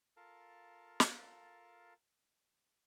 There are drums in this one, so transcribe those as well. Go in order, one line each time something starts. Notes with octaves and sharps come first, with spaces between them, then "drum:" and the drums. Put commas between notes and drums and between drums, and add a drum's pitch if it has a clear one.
F4 A4 A#4 F5 A5
drum: snare